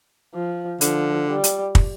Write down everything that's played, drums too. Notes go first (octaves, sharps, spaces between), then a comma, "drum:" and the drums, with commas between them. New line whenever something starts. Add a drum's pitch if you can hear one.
F3
D3 F3, drum: hi-hat
G3
drum: hi-hat
drum: kick